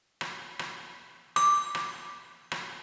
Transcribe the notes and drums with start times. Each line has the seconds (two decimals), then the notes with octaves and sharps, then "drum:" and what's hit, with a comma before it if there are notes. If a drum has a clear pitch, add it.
0.21 drum: rim click
0.59 drum: rim click
1.36 D6, drum: rim click
1.75 drum: rim click
2.52 drum: rim click